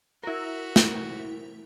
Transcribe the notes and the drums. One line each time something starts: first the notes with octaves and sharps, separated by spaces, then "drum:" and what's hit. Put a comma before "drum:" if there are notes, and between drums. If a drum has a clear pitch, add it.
E4 F#4 A#4
drum: snare